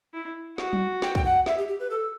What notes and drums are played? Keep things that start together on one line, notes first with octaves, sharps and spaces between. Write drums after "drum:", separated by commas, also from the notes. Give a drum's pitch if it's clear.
E4
F#4, drum: snare
drum: tom F#3
G5, drum: snare
G5, drum: kick
F#5
E5, drum: snare
G4
G4
B4
A4